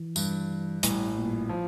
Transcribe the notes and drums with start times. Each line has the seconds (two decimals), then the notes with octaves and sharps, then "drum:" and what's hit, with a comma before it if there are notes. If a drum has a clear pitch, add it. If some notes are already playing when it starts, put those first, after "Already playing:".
Already playing: E3
0.16 G2, drum: tambourine
0.83 A1 A2 G3, drum: hi-hat
1.16 A#2
1.49 F3